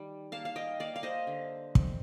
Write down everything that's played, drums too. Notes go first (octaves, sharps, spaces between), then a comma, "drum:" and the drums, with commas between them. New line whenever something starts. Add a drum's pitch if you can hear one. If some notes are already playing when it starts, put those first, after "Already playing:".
Already playing: D#3 G3
A#3 F5 A5
F5
D#5 G5
A#3 D5 F5
F5
C5 D#5
D3
C4, drum: kick